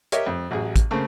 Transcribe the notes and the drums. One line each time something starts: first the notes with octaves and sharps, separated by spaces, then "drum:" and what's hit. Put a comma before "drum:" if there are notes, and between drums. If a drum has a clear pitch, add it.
G4 A#4 C#5 D#5 E5, drum: hi-hat
F2
A1 F#3 G#4
drum: kick, hi-hat
C#3 A3 A#3 C4